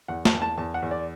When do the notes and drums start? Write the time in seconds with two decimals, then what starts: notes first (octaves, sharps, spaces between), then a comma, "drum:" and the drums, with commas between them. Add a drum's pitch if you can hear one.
0.08 E2 F#5
0.25 A5, drum: snare
0.33 E2
0.42 A5
0.58 E2 A5
0.74 F#5
0.83 E2
0.91 D5